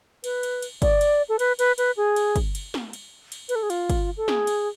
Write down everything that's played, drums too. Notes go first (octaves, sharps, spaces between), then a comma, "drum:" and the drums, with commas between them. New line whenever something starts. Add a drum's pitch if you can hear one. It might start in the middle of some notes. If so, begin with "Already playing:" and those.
B4, drum: cymbal
drum: cymbal
drum: cymbal
D5, drum: kick, cymbal
drum: cymbal
A4
B4, drum: cymbal
B4, drum: cymbal
B4, drum: cymbal
G#4
drum: cymbal
drum: kick, cymbal
drum: cymbal
drum: snare
drum: cymbal
drum: cymbal
B4, drum: cymbal
A4
G#4
F4, drum: cymbal
drum: kick, cymbal
A4
G#4, drum: snare
drum: cymbal